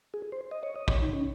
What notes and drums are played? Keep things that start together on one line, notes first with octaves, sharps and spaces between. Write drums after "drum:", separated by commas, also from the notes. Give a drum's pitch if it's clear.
G#4
C5
D#5
C#5
D#5
C#5, drum: kick
D#4
C#4